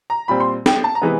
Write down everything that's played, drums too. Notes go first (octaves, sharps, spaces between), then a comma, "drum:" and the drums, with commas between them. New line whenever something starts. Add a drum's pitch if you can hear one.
A#5
A#2 G3 C4 B5
C6
G5, drum: snare
A5
A#5
C3 E3 G#3 B3